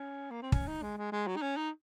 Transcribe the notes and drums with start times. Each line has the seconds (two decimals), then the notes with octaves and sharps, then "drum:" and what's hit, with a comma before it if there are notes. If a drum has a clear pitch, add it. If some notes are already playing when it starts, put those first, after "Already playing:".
Already playing: C#4
0.31 A#3
0.42 C4
0.52 C#4, drum: kick
0.67 D#4
0.82 G#3
0.97 G#3
1.12 G#3
1.27 F#3
1.36 D#4
1.42 C#4
1.56 D#4